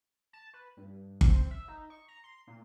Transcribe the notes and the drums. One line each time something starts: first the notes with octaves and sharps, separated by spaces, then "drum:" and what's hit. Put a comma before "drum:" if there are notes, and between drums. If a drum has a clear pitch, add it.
A5
B4
G2
C4, drum: kick G1
E5
D#4
C#6
A#5
C6
A#2